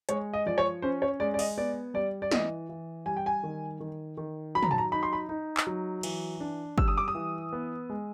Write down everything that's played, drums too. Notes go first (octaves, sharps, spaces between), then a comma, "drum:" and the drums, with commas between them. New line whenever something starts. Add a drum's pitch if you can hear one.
G#3 C#5, drum: hi-hat
D#5
F3 D5
C#5
C#4 C5
C#5
G#3 D5
D5
D#5, drum: open hi-hat
B3 D5
G3 D5
D5
E3 D#5, drum: snare
E3
G3 G#5
G5
G#5
D#3
D#3
D#3
F#3 B5
A#5, drum: tom
A5
A#5
D#4 B5
C6
B5
D#4
drum: clap
F#3
E3, drum: cymbal
D4
G3 E6, drum: kick G1
D#6
D6
D#6
E3
B3
G#3